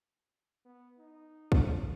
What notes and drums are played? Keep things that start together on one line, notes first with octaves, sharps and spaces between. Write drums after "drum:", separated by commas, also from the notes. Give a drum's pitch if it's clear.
B3
D#4
drum: kick